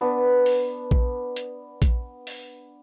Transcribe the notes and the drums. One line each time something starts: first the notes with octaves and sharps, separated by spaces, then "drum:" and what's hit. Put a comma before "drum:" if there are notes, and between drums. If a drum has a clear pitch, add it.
B3 D4 B4
drum: open hi-hat
drum: kick A#1
drum: hi-hat
drum: kick A#1, hi-hat
drum: open hi-hat